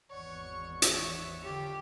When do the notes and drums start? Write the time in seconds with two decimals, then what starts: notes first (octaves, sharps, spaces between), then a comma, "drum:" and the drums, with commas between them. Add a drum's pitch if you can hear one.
0.10 G#1 E2 E3 C#5 D5 F#5 C#6
0.82 C#5 E5, drum: hi-hat
1.44 D3 D#3 F#3 F4 G4